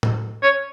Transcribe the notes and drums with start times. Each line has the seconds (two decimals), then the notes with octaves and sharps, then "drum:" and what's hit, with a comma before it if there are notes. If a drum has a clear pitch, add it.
0.03 drum: tom A2
0.42 C#5